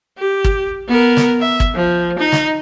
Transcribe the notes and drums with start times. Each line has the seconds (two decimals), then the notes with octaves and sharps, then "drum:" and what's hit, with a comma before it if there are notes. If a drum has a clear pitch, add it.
0.18 G4
0.44 drum: kick
0.88 B3 A#4
1.17 drum: snare
1.41 E5
1.60 drum: kick
1.75 F3
2.19 D#4
2.32 drum: snare